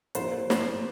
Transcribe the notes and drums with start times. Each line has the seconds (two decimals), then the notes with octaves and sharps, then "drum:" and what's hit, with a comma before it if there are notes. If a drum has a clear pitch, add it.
0.15 F3 A#3 E4 G4 A#4 C5, drum: hi-hat
0.32 C5
0.50 C5, drum: snare